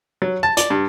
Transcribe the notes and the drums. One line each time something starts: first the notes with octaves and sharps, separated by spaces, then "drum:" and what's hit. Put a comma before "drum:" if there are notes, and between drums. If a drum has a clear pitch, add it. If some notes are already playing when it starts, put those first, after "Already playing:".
F#3
A5
D5, drum: hi-hat
G2